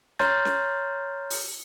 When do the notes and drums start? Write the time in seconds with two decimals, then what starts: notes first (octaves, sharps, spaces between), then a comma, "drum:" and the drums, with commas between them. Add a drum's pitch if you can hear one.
0.19 C#5 A#5 C6 F6 G6 A6, drum: snare C#4
0.45 drum: snare C#4
1.30 drum: open hi-hat